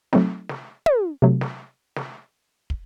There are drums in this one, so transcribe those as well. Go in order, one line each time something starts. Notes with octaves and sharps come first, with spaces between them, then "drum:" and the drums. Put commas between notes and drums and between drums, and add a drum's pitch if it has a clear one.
F#3 A3 C4 D#4, drum: snare
drum: snare
drum: tom
C3 F#3 A3
drum: snare
drum: snare
drum: kick